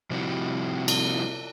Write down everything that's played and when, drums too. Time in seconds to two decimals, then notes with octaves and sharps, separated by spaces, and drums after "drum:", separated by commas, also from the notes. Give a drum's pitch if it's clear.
0.10 C3 F3 G3 C4 E4 F#4
0.88 drum: cymbal